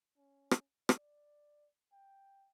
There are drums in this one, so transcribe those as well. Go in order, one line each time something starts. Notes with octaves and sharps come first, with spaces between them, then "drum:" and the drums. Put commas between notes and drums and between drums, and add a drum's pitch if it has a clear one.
C#4
drum: rim click
D5, drum: rim click
G5